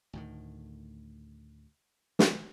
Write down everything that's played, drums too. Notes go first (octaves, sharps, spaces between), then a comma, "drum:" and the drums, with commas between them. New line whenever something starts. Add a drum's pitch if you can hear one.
D2 A2 D#3
drum: snare